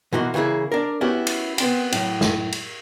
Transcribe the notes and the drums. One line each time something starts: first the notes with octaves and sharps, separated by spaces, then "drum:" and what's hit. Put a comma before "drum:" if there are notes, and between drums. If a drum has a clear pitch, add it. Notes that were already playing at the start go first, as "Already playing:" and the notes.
B2 E3 A#3 F#4 C6
C#3 E3 A#3 E4 G#4
D4 A#4
B3 C#4 E4 F#4 G4
drum: cymbal
B3 C4 G5, drum: cymbal
A2 F#3, drum: cymbal
drum: snare
drum: cymbal